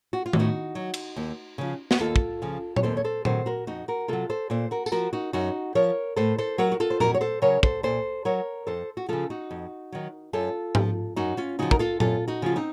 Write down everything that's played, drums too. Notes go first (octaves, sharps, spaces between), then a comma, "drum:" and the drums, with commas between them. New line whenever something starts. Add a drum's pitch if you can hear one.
F#4
F4
A2, drum: tom D#3
D#4 F#4
F#3
drum: cymbal
D#2
C#3 F3
F#4, drum: snare
D#2 F4 A4
drum: kick
C#3 F3
C#5, drum: tom A#2
D#2 A4 C5
C#5
A4 C5
D#3 F#3 A4 C5, drum: tom A#2
F#4 A#4
F2 D#4 F#4
F#4 A#4
C3 F#3 F4 A4
A4 C5
A#2 A4 C5
F#4 A#4
A4, drum: tambourine
F3 F#4 A#4
D#4 F#4
F#2 D#4 F#4
F3 A#4 C#5
A2 A4 C5
A4 C5
F#3 F#4 A#4
F#4
F4 A4
C5
F2 F#4 A#4, drum: tom A#2
C#5
A4 C5
C#3 F#3 A#4 C#5
A4 C5, drum: kick
A#2 A4 C5
F#3 A#4 C#5
F2 A4 C5
F#4
C#3 F3 F4 A4
D#4 F#4
F2
D#3 F#3
F#2 F4 A4
F3, drum: tom G#2
F#2 D#4 F#4
C#4 F4
C#3 F3 D#4 F#4
A#4, drum: kick
F4 A4
F#2 F4 A4, drum: tom A#2
D#4 F#4
C#3 F3 F4
C4 D#4